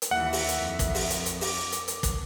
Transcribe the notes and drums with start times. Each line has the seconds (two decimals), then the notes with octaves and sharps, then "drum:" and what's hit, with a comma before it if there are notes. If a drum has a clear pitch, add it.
0.02 drum: hi-hat
0.11 D#2 E3 E5 F#5
0.33 drum: open hi-hat
0.48 drum: hi-hat
0.58 F2
0.79 drum: kick, hi-hat
0.95 drum: open hi-hat
1.10 drum: hi-hat
1.26 drum: hi-hat
1.41 D6, drum: open hi-hat
1.72 drum: hi-hat
1.88 drum: hi-hat
2.03 drum: kick, hi-hat